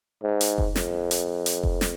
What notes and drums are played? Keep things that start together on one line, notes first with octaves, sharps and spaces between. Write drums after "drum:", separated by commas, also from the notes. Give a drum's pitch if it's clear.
G#2
drum: hi-hat
drum: kick F1
F2, drum: snare
drum: hi-hat
drum: hi-hat
drum: kick F1
drum: snare